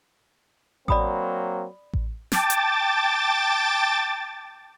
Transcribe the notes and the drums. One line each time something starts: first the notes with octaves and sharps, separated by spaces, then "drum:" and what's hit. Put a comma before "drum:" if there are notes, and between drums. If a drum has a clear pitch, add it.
F#3 A#3 C4 D5 B5 D#6, drum: kick A1
drum: kick A1
G5 A5 D6 A6, drum: snare
drum: hi-hat